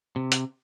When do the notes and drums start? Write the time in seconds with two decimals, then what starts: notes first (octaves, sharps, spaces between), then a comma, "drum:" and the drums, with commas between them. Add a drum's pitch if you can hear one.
0.16 C3
0.32 drum: hi-hat